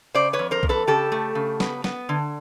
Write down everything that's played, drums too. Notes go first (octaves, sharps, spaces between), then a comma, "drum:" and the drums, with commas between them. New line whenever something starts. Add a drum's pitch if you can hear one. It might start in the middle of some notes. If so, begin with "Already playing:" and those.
C#3 C5 D5
B4 C#5
F2
A#4 C5
F2, drum: kick B1
A4 B4
C#3 G4 A4
A3
C#3
B3, drum: snare
B3, drum: snare
D3